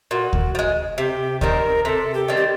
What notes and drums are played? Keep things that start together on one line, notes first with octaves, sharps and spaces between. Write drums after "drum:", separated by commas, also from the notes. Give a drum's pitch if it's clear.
A#2 F#4
drum: kick D2
F3
G#3
C3 G4
D#3 G3 C4 A#4, drum: kick D2
C3 A4
G4
D#3 G3 C4
G4